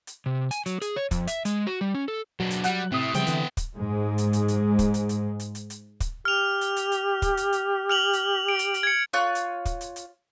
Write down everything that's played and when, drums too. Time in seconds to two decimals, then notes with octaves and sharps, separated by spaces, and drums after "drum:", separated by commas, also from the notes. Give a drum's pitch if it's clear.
0.07 drum: hi-hat
0.26 C3
0.51 G#5, drum: hi-hat
0.66 F#3, drum: hi-hat
0.82 G#4, drum: hi-hat
0.96 C#5
1.11 F2, drum: kick, hi-hat
1.27 E5, drum: hi-hat
1.45 G#3, drum: hi-hat
1.67 F#4
1.81 G3
1.95 C#4
2.08 A4
2.40 B2 F#3 D4
2.51 drum: hi-hat
2.64 G3 F#5 F#6, drum: hi-hat
2.92 A2 C3 C4 D#6
3.14 C#3 F3 G3 B3 G5, drum: hi-hat
3.27 D3 E3, drum: hi-hat
3.57 drum: kick, hi-hat
3.76 G#2 G#3
4.18 drum: hi-hat
4.33 drum: hi-hat
4.48 drum: hi-hat
4.79 drum: kick, hi-hat
4.94 drum: hi-hat
5.09 drum: hi-hat
5.40 drum: hi-hat
5.55 drum: hi-hat
5.70 drum: hi-hat
6.00 drum: kick, hi-hat
6.25 G4 F6 F7
6.61 drum: hi-hat
6.76 drum: hi-hat
6.92 drum: hi-hat
7.22 drum: kick, hi-hat
7.37 drum: hi-hat
7.53 drum: hi-hat
7.90 F6 F7 F#7
8.13 drum: hi-hat
8.49 D7
8.59 drum: hi-hat
8.74 drum: hi-hat
8.83 G#6 C#7
9.13 F4 C#5 F#6
9.35 drum: hi-hat
9.65 drum: kick, hi-hat
9.81 drum: hi-hat
9.96 drum: hi-hat